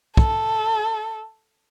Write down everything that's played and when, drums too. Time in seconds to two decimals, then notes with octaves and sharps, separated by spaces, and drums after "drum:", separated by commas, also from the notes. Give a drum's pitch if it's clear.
0.17 A4, drum: kick